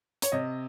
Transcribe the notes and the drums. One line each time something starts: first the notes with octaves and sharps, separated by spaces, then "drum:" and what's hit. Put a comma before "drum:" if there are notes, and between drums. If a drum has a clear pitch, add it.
C#5, drum: hi-hat
C3 D#5